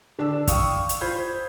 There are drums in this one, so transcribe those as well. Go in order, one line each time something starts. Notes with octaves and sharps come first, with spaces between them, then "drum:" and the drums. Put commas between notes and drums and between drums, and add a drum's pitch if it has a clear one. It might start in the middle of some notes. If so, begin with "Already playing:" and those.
D3 D4 D5 E6
D5 F5 G5 C#6 D#6, drum: kick, hi-hat
drum: hi-hat
F4 C5 B5 G6 G#6